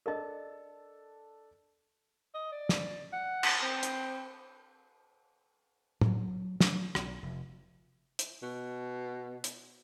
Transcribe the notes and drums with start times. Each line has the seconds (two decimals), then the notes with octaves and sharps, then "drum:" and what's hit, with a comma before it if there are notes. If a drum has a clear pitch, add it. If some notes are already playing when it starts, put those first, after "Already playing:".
0.06 D4 A4 A#4 D#5 A5
2.35 D#5
2.52 D5
2.69 drum: snare
3.13 F#5
3.43 drum: cymbal
3.62 C4
3.83 drum: hi-hat
6.01 F#3, drum: tom
6.61 F#3, drum: snare
6.95 B1, drum: rim click
7.23 F1
8.19 drum: hi-hat
8.43 B2
9.44 drum: hi-hat